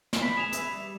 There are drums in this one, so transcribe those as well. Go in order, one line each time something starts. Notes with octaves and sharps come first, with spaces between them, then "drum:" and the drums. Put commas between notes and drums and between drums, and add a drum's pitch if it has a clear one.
drum: snare
B5 B6
G#4 E7 F7
B4 E5, drum: hi-hat
G3